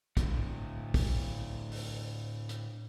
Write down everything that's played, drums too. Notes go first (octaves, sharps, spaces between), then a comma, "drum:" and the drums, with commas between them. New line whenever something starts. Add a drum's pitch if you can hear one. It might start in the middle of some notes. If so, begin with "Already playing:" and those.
A2 D3, drum: kick, hi-hat
drum: kick, open hi-hat
drum: open hi-hat
drum: hi-hat